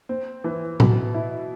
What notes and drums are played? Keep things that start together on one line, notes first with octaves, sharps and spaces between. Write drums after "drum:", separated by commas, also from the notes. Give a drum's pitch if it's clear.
C4
E3
B2, drum: tom A2
E4